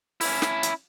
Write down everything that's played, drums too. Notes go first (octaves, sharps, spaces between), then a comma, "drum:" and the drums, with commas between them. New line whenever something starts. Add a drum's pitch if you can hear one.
C#4 E4, drum: open hi-hat
drum: snare
drum: hi-hat